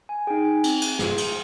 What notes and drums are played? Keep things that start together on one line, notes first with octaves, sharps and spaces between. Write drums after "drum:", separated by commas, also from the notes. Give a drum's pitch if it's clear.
G#5
D#4 G#4 G5
G#5
C4, drum: cymbal
drum: cymbal
F4 G#4, drum: snare
drum: cymbal